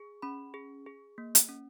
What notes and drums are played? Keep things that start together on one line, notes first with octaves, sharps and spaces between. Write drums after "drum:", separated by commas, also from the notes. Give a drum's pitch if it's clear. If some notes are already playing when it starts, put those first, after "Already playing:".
Already playing: G#4
C#4 B5
G#4
G#4
A#3
drum: hi-hat
C#4